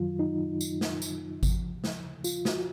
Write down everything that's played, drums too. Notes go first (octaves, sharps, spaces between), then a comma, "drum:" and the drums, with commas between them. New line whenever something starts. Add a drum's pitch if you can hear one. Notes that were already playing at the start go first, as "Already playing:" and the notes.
Already playing: F#2 D#3 F#3 F4
D#4
drum: tambourine
drum: snare
drum: tambourine
D#2 C#3 F3, drum: kick G#1, tambourine
drum: snare
F4, drum: tambourine
F#4, drum: snare